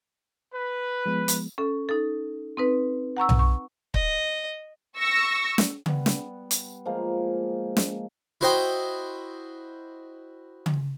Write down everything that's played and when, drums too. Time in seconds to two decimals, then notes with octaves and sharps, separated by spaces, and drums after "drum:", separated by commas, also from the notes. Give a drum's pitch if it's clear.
0.54 B4
1.06 F3 G#3 B3
1.28 drum: hi-hat
1.58 C#4 A4
1.89 D#4 A4
2.57 C4 D#4 B4
3.17 F#5 A#5 C#6 E6
3.29 drum: tom B1
3.39 C#6
3.94 D#5, drum: kick
4.96 C#6 E6 A#6
5.58 drum: snare
5.86 G3 B3, drum: tom C#3
6.06 drum: snare
6.51 drum: hi-hat
6.85 F3 G#3 A#3
7.77 drum: snare
8.41 E4 F#4 C5 D#5 G5 C6
10.66 drum: tom C#3